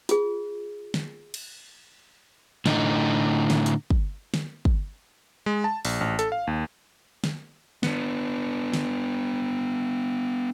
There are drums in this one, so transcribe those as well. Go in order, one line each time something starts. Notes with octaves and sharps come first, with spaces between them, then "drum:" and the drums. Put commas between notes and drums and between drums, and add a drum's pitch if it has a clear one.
F4 G#4, drum: hi-hat
drum: snare
drum: cymbal
A2 D3 D#4, drum: snare
drum: snare
drum: hi-hat
drum: kick
drum: snare
drum: kick
G#3
A5
A#1, drum: open hi-hat
A1
A4, drum: hi-hat
F5
D#2
drum: snare
B3 D4, drum: snare
drum: snare